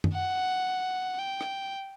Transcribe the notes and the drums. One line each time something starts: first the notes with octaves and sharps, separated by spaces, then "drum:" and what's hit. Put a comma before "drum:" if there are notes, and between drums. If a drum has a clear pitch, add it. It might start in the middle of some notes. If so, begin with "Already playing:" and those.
drum: tom F#2
F#5
G5
drum: rim click